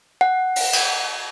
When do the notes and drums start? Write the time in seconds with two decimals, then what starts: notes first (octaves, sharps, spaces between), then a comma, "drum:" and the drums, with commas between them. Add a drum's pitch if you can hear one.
0.21 F#5
0.56 drum: open hi-hat
0.73 drum: cymbal